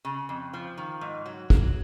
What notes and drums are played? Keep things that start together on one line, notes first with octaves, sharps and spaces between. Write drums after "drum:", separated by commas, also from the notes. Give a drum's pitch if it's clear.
C#3
F2
F3
D#3
G#2
F#3
F#3, drum: kick